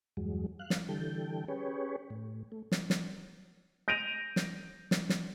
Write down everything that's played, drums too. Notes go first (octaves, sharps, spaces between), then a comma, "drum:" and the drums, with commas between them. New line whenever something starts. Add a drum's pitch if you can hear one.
E2 G2 F#3 G#3
F5 F#6
drum: snare
D3 E3 G3 A4 G5
C#4 G4 G#4 B4 C#5
A2
A3
drum: snare
drum: snare
G6 A#6 D7 D#7 F7
drum: snare
drum: snare
drum: snare